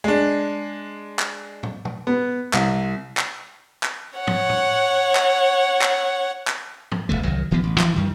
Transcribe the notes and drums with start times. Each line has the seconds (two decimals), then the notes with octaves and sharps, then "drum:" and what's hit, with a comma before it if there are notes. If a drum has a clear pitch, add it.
0.04 G#3 D4
1.19 drum: clap
1.63 drum: tom
1.85 drum: tom
2.07 B3
2.53 C2, drum: clap
3.17 drum: clap
3.83 drum: clap
4.18 C#5 F#5
4.27 drum: tom
4.49 drum: tom
5.15 drum: clap
5.81 drum: clap
6.48 drum: clap
6.92 drum: tom
7.09 D1 F2 D3 A3
7.24 C2 D#3 F#3
7.51 D1 E3 F3 B3
7.64 A1
7.80 E3, drum: clap
7.94 F#2 D#3 G3